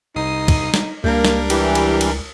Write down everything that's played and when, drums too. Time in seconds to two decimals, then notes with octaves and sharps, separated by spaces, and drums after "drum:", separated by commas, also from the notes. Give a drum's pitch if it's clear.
0.16 C2 D#4 D#6 C7
0.48 drum: kick, cymbal
0.74 drum: snare
1.04 C#2 G3 A#3 D4 A#4
1.25 drum: snare
1.50 E3 G4, drum: cymbal
1.75 drum: cymbal
2.01 drum: cymbal